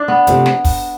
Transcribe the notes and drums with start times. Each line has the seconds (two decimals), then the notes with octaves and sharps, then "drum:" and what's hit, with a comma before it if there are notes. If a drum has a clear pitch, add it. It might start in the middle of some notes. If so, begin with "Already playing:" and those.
Already playing: D4
0.08 B3
0.27 C3 F3 A3 C4, drum: hi-hat
0.46 drum: snare
0.65 drum: kick, open hi-hat